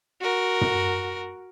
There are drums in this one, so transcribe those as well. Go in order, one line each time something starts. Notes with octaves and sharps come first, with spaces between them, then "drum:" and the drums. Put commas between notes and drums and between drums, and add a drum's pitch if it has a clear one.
F#4 A#4
drum: tom